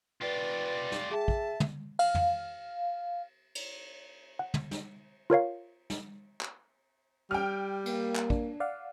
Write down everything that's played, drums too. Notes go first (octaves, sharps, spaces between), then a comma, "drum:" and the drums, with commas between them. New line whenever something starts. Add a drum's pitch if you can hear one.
F4 G4 B4 D5
drum: snare
G#4 E5 G5 A5
drum: kick
drum: tom
F5, drum: cymbal
drum: tom
drum: cymbal
F#5
drum: tom
drum: snare
F4 A#4 C#5 F5
drum: snare
drum: clap
G3 G5 F6
A#3, drum: cymbal
drum: clap
D4, drum: kick
D5 F5 F#5